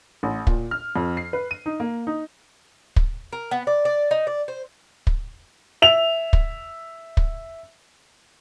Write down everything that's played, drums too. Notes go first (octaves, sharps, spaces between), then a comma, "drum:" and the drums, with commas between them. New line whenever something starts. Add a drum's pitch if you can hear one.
A1
A#2, drum: kick
F6
F2
C7
B4
D#7
D#4
A#3
D#4
drum: kick
A#4
B3
D5
D5
D#4
D5
C5
drum: kick
E5 F7
drum: kick
drum: kick